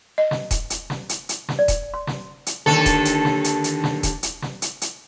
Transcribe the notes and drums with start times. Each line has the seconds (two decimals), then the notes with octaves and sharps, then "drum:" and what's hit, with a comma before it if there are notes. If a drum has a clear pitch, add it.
0.18 D#5
0.31 drum: snare
0.51 drum: kick D#1, hi-hat
0.70 drum: hi-hat
0.90 drum: snare
1.09 drum: hi-hat
1.29 drum: hi-hat
1.49 drum: snare
1.59 D5
1.68 drum: kick D#1, hi-hat
1.94 C6
2.07 drum: snare
2.46 drum: hi-hat
2.66 D#2 D3 A4, drum: snare
2.86 drum: kick D#1, hi-hat
3.05 drum: hi-hat
3.25 drum: snare
3.44 drum: hi-hat
3.64 drum: hi-hat
3.84 drum: snare
4.03 drum: kick D#1, hi-hat
4.23 drum: hi-hat
4.42 drum: snare
4.62 drum: hi-hat
4.81 drum: hi-hat